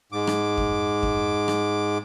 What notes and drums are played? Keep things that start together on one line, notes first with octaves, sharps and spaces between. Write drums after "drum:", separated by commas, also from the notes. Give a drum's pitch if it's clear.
G#2 D6
drum: rim click
drum: kick F2
drum: kick F2
drum: rim click